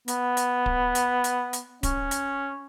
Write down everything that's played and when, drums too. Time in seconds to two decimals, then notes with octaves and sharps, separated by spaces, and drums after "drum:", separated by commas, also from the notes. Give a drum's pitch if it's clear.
0.08 B3, drum: hi-hat
0.37 drum: hi-hat
0.66 drum: kick D1
0.95 drum: hi-hat
1.24 drum: hi-hat
1.53 drum: hi-hat
1.83 C#4, drum: kick D1, hi-hat
2.11 drum: hi-hat